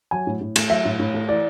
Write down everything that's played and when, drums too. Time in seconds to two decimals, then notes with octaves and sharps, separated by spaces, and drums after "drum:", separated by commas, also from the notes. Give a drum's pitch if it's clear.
0.11 F#3 G#5
0.27 A2
0.41 A2
0.56 A3, drum: cymbal
0.70 F#3 E5
0.85 A2
0.99 A2
1.14 A3
1.28 E3 D5